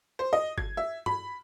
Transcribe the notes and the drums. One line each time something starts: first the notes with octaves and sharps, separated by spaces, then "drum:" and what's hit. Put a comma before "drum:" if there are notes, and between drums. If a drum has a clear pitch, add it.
C5
D#5
G#6, drum: kick G1
E5
B5, drum: tom G2